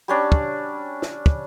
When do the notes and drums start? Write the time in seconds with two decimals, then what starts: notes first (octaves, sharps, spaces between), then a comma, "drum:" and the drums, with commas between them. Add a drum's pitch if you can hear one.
0.08 G3 C#4 D4
0.32 drum: kick
1.02 drum: snare
1.26 drum: kick